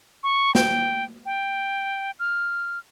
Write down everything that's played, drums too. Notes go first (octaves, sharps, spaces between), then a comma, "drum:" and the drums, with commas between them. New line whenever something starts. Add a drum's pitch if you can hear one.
C#6
G5, drum: snare
G5
F6